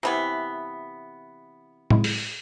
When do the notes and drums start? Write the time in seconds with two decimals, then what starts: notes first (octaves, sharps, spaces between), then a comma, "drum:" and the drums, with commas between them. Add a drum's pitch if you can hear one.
0.03 C3 E3 B3
1.90 C#3 G#3 E4, drum: tom A2
2.04 drum: open hi-hat